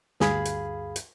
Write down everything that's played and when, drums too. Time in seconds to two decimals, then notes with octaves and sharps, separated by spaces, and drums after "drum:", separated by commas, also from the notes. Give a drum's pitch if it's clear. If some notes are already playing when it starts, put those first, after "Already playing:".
0.20 D2 G2 G#4 F5 B5 G#6, drum: snare
0.45 drum: hi-hat
0.96 drum: hi-hat